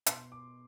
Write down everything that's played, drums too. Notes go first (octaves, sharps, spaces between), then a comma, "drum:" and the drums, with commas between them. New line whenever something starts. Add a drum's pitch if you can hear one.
B2 C6, drum: hi-hat
D6